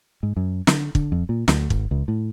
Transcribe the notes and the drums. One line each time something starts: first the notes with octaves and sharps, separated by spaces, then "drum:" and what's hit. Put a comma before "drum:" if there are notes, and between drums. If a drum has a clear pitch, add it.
G#2
F#2
D3, drum: snare
D3, drum: kick
F2
A#2
D2, drum: snare
G#1, drum: kick
C#2
A2